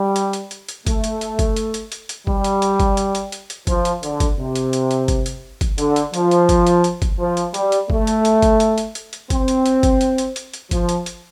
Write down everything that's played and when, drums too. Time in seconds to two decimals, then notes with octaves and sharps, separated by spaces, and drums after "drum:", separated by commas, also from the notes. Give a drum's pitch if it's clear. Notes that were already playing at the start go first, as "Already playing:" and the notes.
Already playing: G3
0.16 drum: hi-hat
0.33 drum: hi-hat
0.51 drum: hi-hat
0.69 drum: hi-hat
0.87 A3, drum: kick, hi-hat
1.04 drum: hi-hat
1.21 drum: hi-hat
1.39 drum: kick, hi-hat
1.56 drum: hi-hat
1.74 drum: hi-hat
1.92 drum: hi-hat
2.09 drum: hi-hat
2.27 G3, drum: kick
2.44 drum: hi-hat
2.62 drum: hi-hat
2.80 drum: kick, hi-hat
2.97 drum: hi-hat
3.15 drum: hi-hat
3.32 drum: hi-hat
3.50 drum: hi-hat
3.67 F3, drum: kick, hi-hat
3.85 drum: hi-hat
4.03 D3, drum: hi-hat
4.20 drum: kick, hi-hat
4.38 C3
4.55 drum: hi-hat
4.73 drum: hi-hat
4.91 drum: hi-hat
5.08 drum: kick, hi-hat
5.26 drum: hi-hat
5.61 drum: kick, hi-hat
5.78 D3, drum: hi-hat
5.96 drum: hi-hat
6.14 F3, drum: hi-hat
6.31 drum: hi-hat
6.49 drum: kick, hi-hat
6.67 drum: hi-hat
6.84 drum: hi-hat
7.02 drum: kick, hi-hat
7.20 F3
7.37 drum: hi-hat
7.54 G3, drum: hi-hat
7.72 drum: hi-hat
7.90 A3, drum: kick
8.07 drum: hi-hat
8.25 drum: hi-hat
8.42 drum: kick, hi-hat
8.60 drum: hi-hat
8.78 drum: hi-hat
8.95 drum: hi-hat
9.13 drum: hi-hat
9.30 C4, drum: kick, hi-hat
9.48 drum: hi-hat
9.66 drum: hi-hat
9.83 drum: kick, hi-hat
10.01 drum: hi-hat
10.18 drum: hi-hat
10.36 drum: hi-hat
10.54 drum: hi-hat
10.71 F3, drum: kick, hi-hat
10.89 drum: hi-hat
11.06 drum: hi-hat